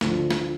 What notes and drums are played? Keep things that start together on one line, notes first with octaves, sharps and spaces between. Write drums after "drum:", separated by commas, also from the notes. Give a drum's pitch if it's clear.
D2 D3 F3, drum: snare
drum: snare